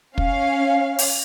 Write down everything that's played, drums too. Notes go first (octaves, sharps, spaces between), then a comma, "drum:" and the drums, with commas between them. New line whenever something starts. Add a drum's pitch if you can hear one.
C#4 F5, drum: kick
drum: open hi-hat